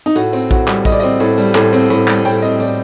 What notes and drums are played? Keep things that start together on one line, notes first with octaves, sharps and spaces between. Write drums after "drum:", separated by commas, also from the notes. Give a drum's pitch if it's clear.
D#4
A2 F#4, drum: tambourine
C4, drum: tambourine
A2 F#4, drum: kick A#1, tambourine
G3, drum: clap
A2 D#5, drum: kick A#1, tambourine
D5
C4 D#5, drum: tambourine
A2, drum: tambourine
G3, drum: tambourine
A2, drum: clap
C4, drum: tambourine
A2, drum: tambourine
G3, drum: clap
A2 G5, drum: tambourine
C4 D#5, drum: tambourine
A2 D5, drum: tambourine